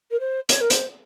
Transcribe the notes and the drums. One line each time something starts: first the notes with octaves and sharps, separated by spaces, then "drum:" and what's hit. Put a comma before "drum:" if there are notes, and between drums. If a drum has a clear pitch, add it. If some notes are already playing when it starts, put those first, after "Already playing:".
A#4
C5
C#5, drum: hi-hat
A#4
C5, drum: hi-hat